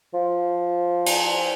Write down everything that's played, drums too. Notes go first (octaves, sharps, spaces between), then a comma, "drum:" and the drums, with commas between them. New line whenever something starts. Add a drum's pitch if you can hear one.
F3
drum: cymbal